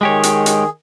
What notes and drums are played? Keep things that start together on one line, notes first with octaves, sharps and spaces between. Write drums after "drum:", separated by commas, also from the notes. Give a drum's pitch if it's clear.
D#3 G#3 G4 G#4 C#5
drum: hi-hat
drum: hi-hat